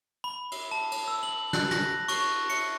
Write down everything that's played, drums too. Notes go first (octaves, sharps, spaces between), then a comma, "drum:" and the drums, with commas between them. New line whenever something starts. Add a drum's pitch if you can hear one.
B5
drum: cymbal
A5
drum: cymbal
E6
F#7
F#6, drum: snare
A#6, drum: snare
C#6, drum: cymbal
C#7, drum: cymbal